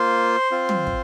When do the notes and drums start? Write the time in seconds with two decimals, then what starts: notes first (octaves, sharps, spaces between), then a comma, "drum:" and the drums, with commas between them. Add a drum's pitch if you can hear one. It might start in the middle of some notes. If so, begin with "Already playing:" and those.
Already playing: A#3 F4 C5 C6
0.51 C4 F4
0.69 drum: tom
0.87 drum: kick